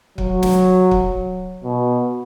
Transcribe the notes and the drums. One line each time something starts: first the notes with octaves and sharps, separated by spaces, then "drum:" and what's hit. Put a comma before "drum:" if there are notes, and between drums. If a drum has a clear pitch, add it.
F#3, drum: kick
drum: snare
drum: kick
B2